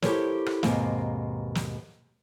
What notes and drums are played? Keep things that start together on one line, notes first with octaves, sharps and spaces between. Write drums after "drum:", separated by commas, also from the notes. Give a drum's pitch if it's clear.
E4 G4 A4 A#4 C5 C#5, drum: snare
drum: rim click
D#2 G#2 B2 A#3 C4 F5, drum: snare
drum: snare